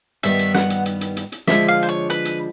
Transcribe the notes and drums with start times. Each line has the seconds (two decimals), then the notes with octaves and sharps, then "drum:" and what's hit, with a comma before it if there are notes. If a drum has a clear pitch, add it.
0.23 G2 D#3 G3 B3 E5, drum: hi-hat
0.39 drum: hi-hat
0.54 F#5, drum: snare
0.70 drum: hi-hat
0.85 drum: hi-hat
1.01 drum: hi-hat
1.17 drum: hi-hat
1.32 drum: hi-hat
1.47 D3 F3 G#3 E5, drum: snare
1.68 F5
1.83 C5
1.89 C#5
2.10 B4, drum: hi-hat
2.25 drum: hi-hat